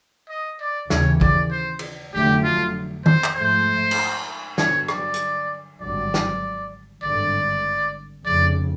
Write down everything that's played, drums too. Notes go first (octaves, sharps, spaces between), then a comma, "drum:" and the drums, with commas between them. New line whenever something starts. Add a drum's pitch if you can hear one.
D#5
D5
D#2 C#3 E3 C#5, drum: snare
D5, drum: kick
C5
drum: cymbal
F1 F2 D3 F#3 A3 G4
F4
C5, drum: tom
drum: clap
G#2 F3 A3 C5
drum: cymbal
G2 D3 F#3 B3 C#5, drum: snare
D5, drum: rim click
drum: hi-hat
G#1 G2 D3 F#3 D5
drum: snare
G#1 G2 D3 D5
F1 F2 C#3 D5